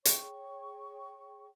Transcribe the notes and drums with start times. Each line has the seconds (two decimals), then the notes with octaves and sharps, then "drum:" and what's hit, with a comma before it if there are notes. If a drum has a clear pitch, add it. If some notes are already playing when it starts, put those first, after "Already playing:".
0.05 G#4 C#5 G5 C#6, drum: hi-hat